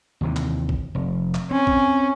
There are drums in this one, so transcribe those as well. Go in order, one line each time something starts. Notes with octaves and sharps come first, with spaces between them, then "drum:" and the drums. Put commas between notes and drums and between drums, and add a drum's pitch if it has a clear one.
D#2 C3 E3
drum: clap
drum: kick
F1
drum: clap
C4 C#4
drum: kick